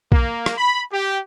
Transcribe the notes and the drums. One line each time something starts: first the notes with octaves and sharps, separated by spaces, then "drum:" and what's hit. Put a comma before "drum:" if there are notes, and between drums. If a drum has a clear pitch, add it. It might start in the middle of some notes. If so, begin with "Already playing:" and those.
A#3, drum: kick A#1
drum: rim click
B5
G4